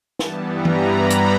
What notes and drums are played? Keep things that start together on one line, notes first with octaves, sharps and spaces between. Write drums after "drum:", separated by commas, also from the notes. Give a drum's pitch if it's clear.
G2 E3 G3 B3 A5, drum: snare
A#5
drum: tom E3
B5
drum: hi-hat